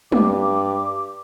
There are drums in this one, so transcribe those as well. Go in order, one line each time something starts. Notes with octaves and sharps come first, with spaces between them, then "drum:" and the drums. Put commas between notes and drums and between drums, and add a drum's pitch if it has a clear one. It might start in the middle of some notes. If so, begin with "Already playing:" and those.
G2 D6, drum: tom